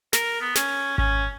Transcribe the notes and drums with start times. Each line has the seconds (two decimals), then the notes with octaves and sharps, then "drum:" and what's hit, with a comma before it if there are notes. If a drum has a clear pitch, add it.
0.13 A#4, drum: snare
0.41 B3
0.56 C#4, drum: snare
0.98 C#4, drum: kick G#1